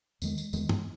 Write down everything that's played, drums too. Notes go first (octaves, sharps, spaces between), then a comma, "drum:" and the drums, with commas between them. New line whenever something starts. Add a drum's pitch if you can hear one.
E2 D#3 G#3, drum: tambourine
drum: tambourine
E2 D#3 G#3, drum: tambourine
drum: tom